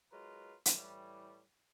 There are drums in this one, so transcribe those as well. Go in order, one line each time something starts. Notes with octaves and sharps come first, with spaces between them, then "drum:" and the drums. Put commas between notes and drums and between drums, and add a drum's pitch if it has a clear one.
F#3 G#3 F4 A#4 B4
drum: hi-hat
A2 E3 G3